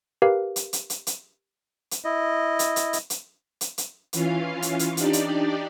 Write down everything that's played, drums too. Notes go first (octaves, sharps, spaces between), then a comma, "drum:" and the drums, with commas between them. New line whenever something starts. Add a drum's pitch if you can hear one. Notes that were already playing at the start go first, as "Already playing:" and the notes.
G4 A#4 B4 F5
drum: hi-hat
drum: hi-hat
drum: hi-hat
drum: hi-hat
drum: hi-hat
E4 D#5
drum: hi-hat
drum: hi-hat
drum: hi-hat
drum: hi-hat
drum: hi-hat
drum: hi-hat
E3 C#4 F4 F5, drum: hi-hat
drum: hi-hat
drum: hi-hat
D4 D#4 G4 D5, drum: hi-hat
drum: hi-hat